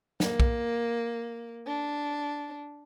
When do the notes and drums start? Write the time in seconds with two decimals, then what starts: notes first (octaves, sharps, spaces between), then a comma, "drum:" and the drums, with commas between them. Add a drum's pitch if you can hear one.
0.20 A#3, drum: snare
0.40 drum: kick B1
1.66 D4